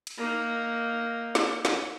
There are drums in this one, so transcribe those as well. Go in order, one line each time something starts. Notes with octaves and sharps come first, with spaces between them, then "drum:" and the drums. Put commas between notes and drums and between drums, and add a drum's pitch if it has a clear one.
drum: cymbal
A#3 D#4
drum: snare
drum: snare